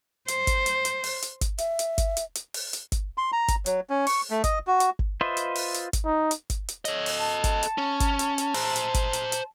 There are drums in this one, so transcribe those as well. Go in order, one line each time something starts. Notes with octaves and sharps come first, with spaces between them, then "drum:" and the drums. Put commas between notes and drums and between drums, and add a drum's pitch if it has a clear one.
C5, drum: hi-hat
drum: kick G1, hi-hat
drum: hi-hat
drum: hi-hat
drum: open hi-hat
drum: hi-hat
drum: kick G1, hi-hat
E5, drum: hi-hat
drum: hi-hat
drum: kick G1, hi-hat
drum: hi-hat
drum: hi-hat
drum: open hi-hat
drum: hi-hat
drum: kick G1, hi-hat
C6
A#5
drum: kick G1, hi-hat
F#3, drum: hi-hat
C#4
C#6, drum: open hi-hat
A3
D#5, drum: kick G1, hi-hat
F#4
drum: hi-hat
drum: kick G1
F4 B4 C5 D#5 E5
drum: hi-hat
drum: open hi-hat
drum: hi-hat
drum: kick G1, hi-hat
D#4
drum: hi-hat
drum: kick G1, hi-hat
drum: hi-hat
A4 C#5 D#5, drum: hi-hat
drum: open hi-hat
A5
drum: kick G1, hi-hat
drum: hi-hat
C#4
drum: kick G1, hi-hat
drum: hi-hat
drum: hi-hat
C5 A#5, drum: open hi-hat
drum: hi-hat
drum: kick G1, hi-hat
drum: hi-hat
drum: hi-hat